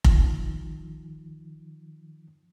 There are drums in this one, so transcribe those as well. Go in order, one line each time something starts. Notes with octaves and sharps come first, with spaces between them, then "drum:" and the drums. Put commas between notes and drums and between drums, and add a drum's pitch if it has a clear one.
D#3 F3, drum: kick F1